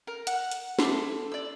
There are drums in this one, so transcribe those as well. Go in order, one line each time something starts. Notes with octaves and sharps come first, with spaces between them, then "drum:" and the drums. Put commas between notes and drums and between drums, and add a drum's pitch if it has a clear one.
A#4
F#5, drum: hi-hat
drum: hi-hat
E4 A5 C6 D6, drum: snare
A4
D5 E6